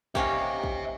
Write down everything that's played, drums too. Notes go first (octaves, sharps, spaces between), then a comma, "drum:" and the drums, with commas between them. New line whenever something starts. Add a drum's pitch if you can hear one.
A#3 C#4 D#4 G4 C5 E5, drum: kick
drum: kick